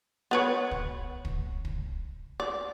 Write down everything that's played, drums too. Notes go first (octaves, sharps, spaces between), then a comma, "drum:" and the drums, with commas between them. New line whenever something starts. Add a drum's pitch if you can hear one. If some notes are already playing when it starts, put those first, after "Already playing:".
B3 B4 C#5
drum: kick
drum: kick
drum: kick
D5